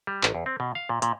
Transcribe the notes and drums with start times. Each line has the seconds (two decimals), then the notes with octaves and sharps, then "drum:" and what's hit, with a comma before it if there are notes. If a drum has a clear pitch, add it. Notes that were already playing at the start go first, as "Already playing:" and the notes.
0.07 G3
0.23 A1, drum: clap
0.35 E2
0.46 C4
0.60 B2
0.75 F5
0.89 A#2
1.02 A#2, drum: hi-hat